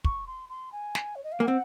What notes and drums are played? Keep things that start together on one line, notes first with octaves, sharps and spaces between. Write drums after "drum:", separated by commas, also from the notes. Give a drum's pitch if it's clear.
C#6, drum: kick
C6
C6
G#5
drum: snare
C#5
D#5
F5
A#3 G#5
C4 F#5